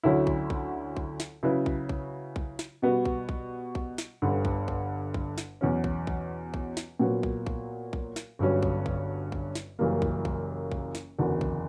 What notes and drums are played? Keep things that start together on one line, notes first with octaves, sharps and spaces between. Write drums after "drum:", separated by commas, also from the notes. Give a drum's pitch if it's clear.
D2 D3 F#3 C#4 E4
drum: kick B1
drum: kick B1
drum: kick B1
drum: snare
C#3 F#3 C#4 E4 B4
drum: kick B1
drum: kick B1
drum: kick B1
drum: snare
B2 G3 B3 F#4
drum: kick B1
drum: kick B1
drum: kick B1
drum: snare
G1 G2 D3
drum: kick B1
drum: kick B1
drum: kick B1
drum: snare
E2 B2 F#3 C#4
drum: kick B1
drum: kick B1
drum: kick B1
drum: snare
A#2 F#3 B3
drum: kick B1
drum: kick B1
drum: kick B1
drum: snare
G1 G2 F#3 C#4
drum: kick B1
drum: kick B1
drum: kick B1
drum: snare
F#1 F#2 E3 G3 A#3
drum: kick B1
drum: kick B1
drum: kick B1
drum: snare
F#1 E2 D3 F#3
drum: kick B1